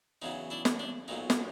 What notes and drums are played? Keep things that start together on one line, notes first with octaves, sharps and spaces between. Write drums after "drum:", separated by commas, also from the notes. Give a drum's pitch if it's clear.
E2 C#3 F#3 D#4
D4 E4
drum: snare
D4
B1 A#2 F#3 D#4
drum: snare